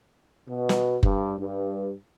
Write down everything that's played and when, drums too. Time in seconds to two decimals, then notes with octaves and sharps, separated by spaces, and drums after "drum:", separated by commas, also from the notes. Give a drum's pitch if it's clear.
0.48 B2
0.69 drum: snare
1.03 G2, drum: kick F#1
1.39 G2